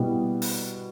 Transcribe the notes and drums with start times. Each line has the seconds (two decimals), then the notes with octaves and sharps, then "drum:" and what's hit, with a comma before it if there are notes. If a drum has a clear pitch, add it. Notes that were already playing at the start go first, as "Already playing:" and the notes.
Already playing: B2 G3 B3 E4
0.42 drum: open hi-hat